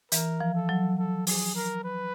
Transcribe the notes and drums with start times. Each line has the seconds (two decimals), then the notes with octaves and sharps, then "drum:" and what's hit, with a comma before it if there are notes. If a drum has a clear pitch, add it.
0.12 E3 A#4, drum: hi-hat
0.41 F3
0.55 A4
0.69 F#3
0.99 A4
1.27 G#4, drum: open hi-hat
1.56 A#4
1.84 B4